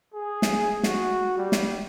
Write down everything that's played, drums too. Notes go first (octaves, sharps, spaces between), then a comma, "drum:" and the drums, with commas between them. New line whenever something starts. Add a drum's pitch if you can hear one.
G#4
drum: snare
F#4, drum: snare
G3
drum: snare